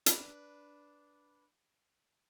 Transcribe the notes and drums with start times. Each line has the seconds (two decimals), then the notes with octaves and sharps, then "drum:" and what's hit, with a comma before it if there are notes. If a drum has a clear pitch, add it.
0.06 D4 B4, drum: hi-hat